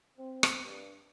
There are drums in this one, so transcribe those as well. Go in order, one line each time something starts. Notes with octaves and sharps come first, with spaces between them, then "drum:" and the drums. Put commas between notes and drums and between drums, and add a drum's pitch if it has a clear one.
C4
drum: rim click
G2